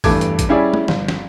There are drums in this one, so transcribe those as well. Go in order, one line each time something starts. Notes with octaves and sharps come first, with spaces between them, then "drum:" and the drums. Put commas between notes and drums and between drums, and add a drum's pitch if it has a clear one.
E2 G2 A3 A5 D6 G#6, drum: kick, open hi-hat
drum: hi-hat
drum: kick, hi-hat
G3 C#4 E4 G#4 D5
drum: tom
G1, drum: snare
drum: snare